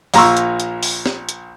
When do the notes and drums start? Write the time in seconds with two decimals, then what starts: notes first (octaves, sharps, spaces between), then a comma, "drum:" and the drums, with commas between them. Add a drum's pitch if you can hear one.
0.14 A#1 A#2 A#5 C6 C#6 E6, drum: open hi-hat
0.37 drum: hi-hat
0.60 drum: hi-hat
0.83 drum: open hi-hat
1.06 drum: snare
1.29 drum: hi-hat